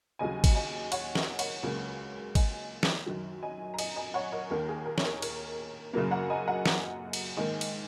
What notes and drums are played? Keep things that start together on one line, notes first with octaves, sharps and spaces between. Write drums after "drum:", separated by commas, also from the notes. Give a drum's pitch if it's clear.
D#2 C#3 F#3 D#5 G#5
drum: kick G#1, cymbal
D#5 G#5
C#5 F#5, drum: cymbal
A#4 D#5, drum: snare
C#5 F#5, drum: cymbal
C#2 C#3 F#3 A#3
D#5 G#5, drum: kick G#1, cymbal
drum: snare
F#2 D#3 F#3
D#5 G#5
A#5
D#5 G#5, drum: cymbal
D#5 G#5
C#5 F#5
A#4 D#5
D#2 D#3 A#3 A#4
G#4
A#4
C#5, drum: snare
A#4
A#4, drum: cymbal
F#2 C#3 F#3 A#3 A#4
F#5 A#5
D#5 G#5
F#5 A#5
drum: snare
drum: cymbal
G#2 D#3 A#3 D#5 G#5
drum: cymbal